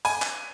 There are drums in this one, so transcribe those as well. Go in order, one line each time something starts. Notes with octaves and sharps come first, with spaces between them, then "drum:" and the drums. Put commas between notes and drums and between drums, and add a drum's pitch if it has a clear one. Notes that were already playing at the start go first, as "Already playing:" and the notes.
G#5, drum: hi-hat
drum: clap